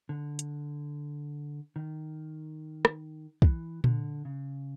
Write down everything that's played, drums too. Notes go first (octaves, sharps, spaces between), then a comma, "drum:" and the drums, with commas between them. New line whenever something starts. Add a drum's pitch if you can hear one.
D3
drum: hi-hat
D#3
drum: rim click
E3, drum: kick
D3, drum: tom A#2
C#3